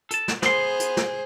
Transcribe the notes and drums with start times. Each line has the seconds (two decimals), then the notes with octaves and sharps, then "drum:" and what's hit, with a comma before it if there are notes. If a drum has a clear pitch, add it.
0.11 A4 A5, drum: hi-hat
0.28 drum: snare
0.42 B3 G#4 C5 C6, drum: snare
0.80 drum: hi-hat
0.97 drum: snare